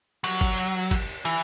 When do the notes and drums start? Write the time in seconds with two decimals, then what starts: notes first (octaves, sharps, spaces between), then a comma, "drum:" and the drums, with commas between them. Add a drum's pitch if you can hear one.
0.24 F#3, drum: cymbal
0.41 drum: kick
0.58 drum: cymbal
0.91 drum: kick, cymbal
1.25 E3, drum: cymbal